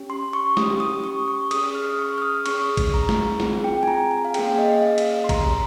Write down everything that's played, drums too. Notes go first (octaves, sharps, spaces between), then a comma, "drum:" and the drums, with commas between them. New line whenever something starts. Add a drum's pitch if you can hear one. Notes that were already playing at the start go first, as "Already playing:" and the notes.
Already playing: C#4 G4
C6
C#6
C#4 G4 D#6, drum: snare
D#6
C#6
C#6
C#4 G#4 D#6, drum: cymbal
F6
C#6
F6
D#6
C#4 G#4 C#6, drum: cymbal
drum: kick A1, cymbal
A#5
drum: snare
C4 F4 G#4, drum: snare
G5
G#5
A#5
G#5
F5
A#3 C#4 G#4 G5, drum: cymbal
D#5
F5
drum: cymbal
C6
C#4 G4 A#5, drum: kick A1, cymbal